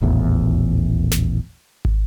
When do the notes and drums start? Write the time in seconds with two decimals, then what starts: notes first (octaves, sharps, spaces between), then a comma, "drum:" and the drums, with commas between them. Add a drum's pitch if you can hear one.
0.02 D#1 A1 E2
1.11 drum: snare
1.85 drum: kick